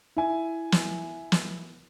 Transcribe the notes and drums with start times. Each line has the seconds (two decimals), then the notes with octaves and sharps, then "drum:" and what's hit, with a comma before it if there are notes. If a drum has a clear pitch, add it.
0.16 E4 G#5
0.72 drum: snare
1.32 drum: snare